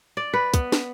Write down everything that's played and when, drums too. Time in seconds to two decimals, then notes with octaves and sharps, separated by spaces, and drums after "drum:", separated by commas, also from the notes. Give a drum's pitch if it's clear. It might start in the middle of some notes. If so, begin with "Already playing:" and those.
0.17 D5
0.33 B4
0.54 B3, drum: kick, hi-hat
0.72 drum: snare